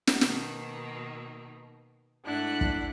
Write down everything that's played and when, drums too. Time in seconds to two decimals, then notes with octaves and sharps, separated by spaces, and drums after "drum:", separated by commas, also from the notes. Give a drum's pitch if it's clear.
0.07 drum: snare
0.21 B2 D#3 A#3, drum: snare
2.25 G#2 A3 D4 E4 F#5 F#6
2.61 drum: kick